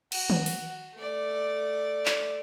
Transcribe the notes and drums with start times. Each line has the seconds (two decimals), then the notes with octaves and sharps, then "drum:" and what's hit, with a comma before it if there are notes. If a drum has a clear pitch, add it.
0.12 F#4, drum: cymbal
0.30 drum: tom D#3
0.46 drum: open hi-hat
0.94 A3 D5
2.06 drum: clap